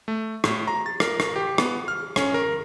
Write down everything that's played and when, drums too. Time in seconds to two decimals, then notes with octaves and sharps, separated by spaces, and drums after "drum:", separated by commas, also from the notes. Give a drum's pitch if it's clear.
0.08 A3
0.44 A2, drum: rim click
0.68 A#5
0.86 A6
1.00 A#4, drum: rim click
1.20 drum: rim click
1.36 G4
1.58 B3, drum: rim click
1.88 F6
2.16 C#4, drum: rim click
2.34 A#4